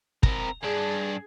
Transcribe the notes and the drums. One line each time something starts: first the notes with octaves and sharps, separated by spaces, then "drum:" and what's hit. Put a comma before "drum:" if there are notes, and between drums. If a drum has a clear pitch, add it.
C4 A#4, drum: kick
G2 D4 G#4